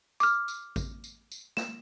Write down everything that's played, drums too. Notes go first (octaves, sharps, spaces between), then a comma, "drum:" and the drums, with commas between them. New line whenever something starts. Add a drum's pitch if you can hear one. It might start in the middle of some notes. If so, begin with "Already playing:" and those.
D6 F6, drum: tambourine
drum: tambourine
drum: kick A1, tambourine
drum: tambourine
drum: tambourine
E7, drum: snare